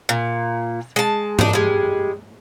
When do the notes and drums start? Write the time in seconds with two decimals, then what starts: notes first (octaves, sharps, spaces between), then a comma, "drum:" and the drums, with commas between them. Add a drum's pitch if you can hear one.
0.09 A#2
0.96 G#3 A5
1.39 D4 D#4, drum: tom G#2
1.53 G3 G#3